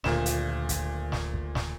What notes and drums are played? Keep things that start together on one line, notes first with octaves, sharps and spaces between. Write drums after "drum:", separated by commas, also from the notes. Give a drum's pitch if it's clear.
D#1 D2 A#2 E7, drum: snare
drum: hi-hat
drum: kick, hi-hat
drum: snare
drum: kick
drum: snare